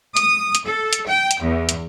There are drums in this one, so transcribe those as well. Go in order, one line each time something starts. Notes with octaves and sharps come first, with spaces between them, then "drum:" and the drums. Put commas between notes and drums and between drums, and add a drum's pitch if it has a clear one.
D#6, drum: hi-hat
drum: hi-hat
A4
drum: hi-hat
G5
drum: hi-hat
E2
drum: hi-hat